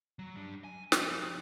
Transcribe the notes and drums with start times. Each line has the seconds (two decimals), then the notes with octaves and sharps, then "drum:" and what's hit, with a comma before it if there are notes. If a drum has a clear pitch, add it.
0.19 F#3
0.36 G3 D4
0.64 G#5
0.92 F3 G4, drum: snare